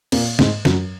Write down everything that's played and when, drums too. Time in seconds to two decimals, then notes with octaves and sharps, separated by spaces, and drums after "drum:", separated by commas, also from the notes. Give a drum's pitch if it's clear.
0.12 A#2 A#3, drum: cymbal
0.39 G#2 G#3, drum: snare
0.65 F#2 F#3, drum: snare